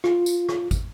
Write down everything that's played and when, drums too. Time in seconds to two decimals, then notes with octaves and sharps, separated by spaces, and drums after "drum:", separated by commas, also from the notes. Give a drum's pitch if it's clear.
0.04 F4, drum: rim click
0.26 drum: tambourine
0.49 drum: rim click
0.71 drum: kick, tambourine